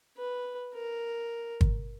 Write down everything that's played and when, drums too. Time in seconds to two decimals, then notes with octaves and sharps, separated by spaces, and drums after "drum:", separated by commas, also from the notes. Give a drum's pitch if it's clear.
0.18 B4
0.74 A#4
1.61 drum: kick